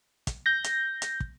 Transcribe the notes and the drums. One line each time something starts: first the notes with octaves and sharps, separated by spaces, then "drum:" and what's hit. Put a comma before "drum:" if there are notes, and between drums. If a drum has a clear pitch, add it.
drum: kick, hi-hat
G6 A#6
drum: hi-hat
drum: hi-hat
drum: kick